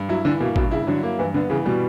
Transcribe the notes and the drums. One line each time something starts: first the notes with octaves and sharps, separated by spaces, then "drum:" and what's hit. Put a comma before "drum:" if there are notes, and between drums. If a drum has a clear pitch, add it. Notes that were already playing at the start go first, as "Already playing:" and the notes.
Already playing: G2
F#3 E4
D3 E3
B2 A#3
G2 B2, drum: kick
C#3 E4
D3 F#3
A#3
G2 E3
D3 B3
C#3 E3
B2 G3